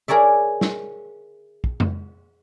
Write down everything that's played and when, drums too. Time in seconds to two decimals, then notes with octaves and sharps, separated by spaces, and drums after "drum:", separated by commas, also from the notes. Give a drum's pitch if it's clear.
0.08 G#4 A#4 C#5 D5 E5
0.61 drum: snare
1.64 drum: kick
1.80 drum: tom F2